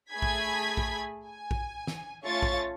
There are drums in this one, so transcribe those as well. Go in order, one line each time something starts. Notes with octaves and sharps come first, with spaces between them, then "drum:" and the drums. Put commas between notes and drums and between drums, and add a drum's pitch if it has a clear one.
A3 G#4 G#5 B5 G#6 B6
drum: kick A#1
drum: kick A#1
G#5
drum: kick A#1
drum: snare
A3 C#4 F4 C#5 C#6 A6
drum: kick A#1